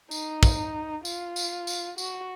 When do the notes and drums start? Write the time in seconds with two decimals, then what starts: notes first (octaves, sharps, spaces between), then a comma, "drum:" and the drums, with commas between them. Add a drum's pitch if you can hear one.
0.11 D#4, drum: tambourine
0.43 drum: kick, tambourine
1.05 F4, drum: tambourine
1.36 drum: tambourine
1.67 drum: tambourine
1.98 F#4, drum: tambourine